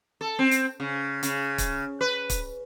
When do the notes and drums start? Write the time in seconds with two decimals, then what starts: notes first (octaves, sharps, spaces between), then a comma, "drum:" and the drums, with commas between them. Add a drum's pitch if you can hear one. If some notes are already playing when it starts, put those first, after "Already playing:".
0.21 A4
0.39 C4
0.51 drum: hi-hat
0.80 C#3
1.23 C#3, drum: hi-hat
1.58 drum: kick, hi-hat
2.01 B4
2.30 drum: kick, hi-hat